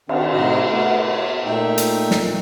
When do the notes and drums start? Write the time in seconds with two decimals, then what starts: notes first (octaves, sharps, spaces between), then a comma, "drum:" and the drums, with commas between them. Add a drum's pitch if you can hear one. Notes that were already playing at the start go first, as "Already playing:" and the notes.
0.09 D#3 C4 D4, drum: cymbal
0.32 A2 C3 D#4 F#4 D#5
0.70 A3 B3 E4
1.10 C#5
1.45 A#2 A3 D#4 E5 G5
1.78 drum: hi-hat
2.11 drum: snare